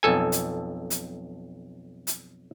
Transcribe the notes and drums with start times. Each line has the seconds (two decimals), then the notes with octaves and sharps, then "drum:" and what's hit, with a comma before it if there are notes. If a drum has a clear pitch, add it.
0.03 B1 F2 A4 G#5
0.32 drum: hi-hat
0.90 drum: hi-hat
2.07 drum: hi-hat